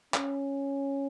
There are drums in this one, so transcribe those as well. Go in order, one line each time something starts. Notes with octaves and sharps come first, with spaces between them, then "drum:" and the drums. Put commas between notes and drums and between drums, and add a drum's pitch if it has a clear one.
C#4, drum: clap